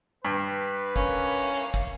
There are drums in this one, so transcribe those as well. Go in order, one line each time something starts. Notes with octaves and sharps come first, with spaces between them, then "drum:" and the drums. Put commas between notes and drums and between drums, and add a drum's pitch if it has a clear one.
G2 B4
A#3 C#4, drum: kick
drum: cymbal
drum: kick